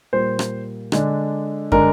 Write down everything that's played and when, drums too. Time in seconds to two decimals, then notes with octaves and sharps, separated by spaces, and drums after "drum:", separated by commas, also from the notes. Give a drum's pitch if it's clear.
0.13 A#2 G3 A#3 C5
0.39 drum: rim click
0.92 D3 G#3 D4, drum: rim click
1.72 D3 G#3 D4 A#4, drum: kick